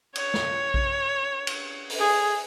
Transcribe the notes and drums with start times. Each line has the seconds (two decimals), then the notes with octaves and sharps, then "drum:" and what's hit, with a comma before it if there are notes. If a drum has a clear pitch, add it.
0.15 C#5, drum: cymbal
0.34 drum: snare
0.74 drum: kick A#1
1.47 drum: cymbal
1.90 drum: open hi-hat
1.99 G#4